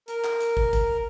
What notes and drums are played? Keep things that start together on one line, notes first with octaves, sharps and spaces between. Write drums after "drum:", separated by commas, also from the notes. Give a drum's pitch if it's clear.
A#4, drum: hi-hat
drum: clap
drum: hi-hat
drum: kick
drum: kick, hi-hat